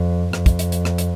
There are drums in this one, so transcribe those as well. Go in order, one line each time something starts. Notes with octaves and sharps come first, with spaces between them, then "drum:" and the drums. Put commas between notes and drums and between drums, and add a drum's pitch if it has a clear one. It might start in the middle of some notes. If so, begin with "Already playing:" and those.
Already playing: F2
F2, drum: rim click
drum: kick, hi-hat
drum: hi-hat
drum: hi-hat
drum: rim click
drum: hi-hat